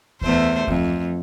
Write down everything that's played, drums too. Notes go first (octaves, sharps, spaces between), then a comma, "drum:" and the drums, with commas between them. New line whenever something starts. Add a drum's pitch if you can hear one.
E2 A3 C5, drum: kick D2
F2, drum: kick D2